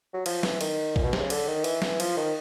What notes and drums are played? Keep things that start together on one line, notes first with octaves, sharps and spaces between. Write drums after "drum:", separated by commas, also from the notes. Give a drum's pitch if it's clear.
F#3
F3, drum: cymbal
E3, drum: snare
D#3, drum: cymbal
A#2, drum: kick
B2
C3, drum: snare
C#3
D3, drum: cymbal
D#3
E3, drum: cymbal
E3, drum: snare
F3, drum: cymbal
D#3